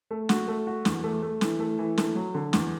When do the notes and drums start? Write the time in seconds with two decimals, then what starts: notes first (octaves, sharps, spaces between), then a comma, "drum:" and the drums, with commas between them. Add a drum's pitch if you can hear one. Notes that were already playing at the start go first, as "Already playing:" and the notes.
0.11 A3
0.29 F#4, drum: snare
0.48 A3
0.67 F#4
0.85 E2, drum: snare
1.04 A3
1.22 A3
1.41 E3, drum: snare
1.60 A3
1.79 E3
1.98 A3, drum: snare
2.16 F#3
2.35 D3
2.53 E2, drum: snare